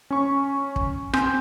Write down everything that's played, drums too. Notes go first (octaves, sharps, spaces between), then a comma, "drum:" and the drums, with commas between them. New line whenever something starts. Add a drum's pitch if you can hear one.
C#4 C#6
drum: kick
C4 G#5 C6 G6, drum: rim click